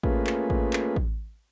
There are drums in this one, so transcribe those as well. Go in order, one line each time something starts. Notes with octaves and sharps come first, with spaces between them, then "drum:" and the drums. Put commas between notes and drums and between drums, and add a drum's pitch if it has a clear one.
A3 A#3 C#4 F4 G#4 B4, drum: kick A1
drum: clap
drum: kick A1
drum: clap
drum: kick A1